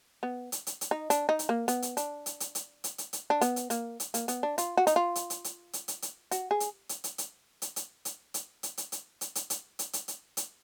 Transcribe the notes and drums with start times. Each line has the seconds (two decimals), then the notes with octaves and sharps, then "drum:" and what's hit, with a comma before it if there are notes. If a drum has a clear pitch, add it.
0.23 B3
0.52 drum: hi-hat
0.67 drum: hi-hat
0.81 drum: hi-hat
0.91 D#4
1.10 D4, drum: hi-hat
1.29 D#4
1.39 drum: hi-hat
1.49 A#3
1.68 B3, drum: hi-hat
1.82 drum: hi-hat
1.97 D4, drum: hi-hat
2.26 drum: hi-hat
2.40 drum: hi-hat
2.55 drum: hi-hat
2.84 drum: hi-hat
2.98 drum: hi-hat
3.13 drum: hi-hat
3.30 D4
3.41 B3, drum: hi-hat
3.56 drum: hi-hat
3.70 A#3, drum: hi-hat
4.00 drum: hi-hat
4.14 A#3, drum: hi-hat
4.28 B3, drum: hi-hat
4.43 D4
4.58 F4, drum: hi-hat
4.77 F#4
4.87 D#4, drum: hi-hat
4.96 F4
5.15 drum: hi-hat
5.30 drum: hi-hat
5.44 drum: hi-hat
5.73 drum: hi-hat
5.88 drum: hi-hat
6.02 drum: hi-hat
6.31 F#4, drum: hi-hat
6.51 G#4
6.60 drum: hi-hat
6.89 drum: hi-hat
7.04 drum: hi-hat
7.18 drum: hi-hat
7.62 drum: hi-hat
7.76 drum: hi-hat
8.05 drum: hi-hat
8.34 drum: hi-hat
8.63 drum: hi-hat
8.78 drum: hi-hat
8.92 drum: hi-hat
9.21 drum: hi-hat
9.35 drum: hi-hat
9.50 drum: hi-hat
9.79 drum: hi-hat
9.93 drum: hi-hat
10.08 drum: hi-hat
10.37 drum: hi-hat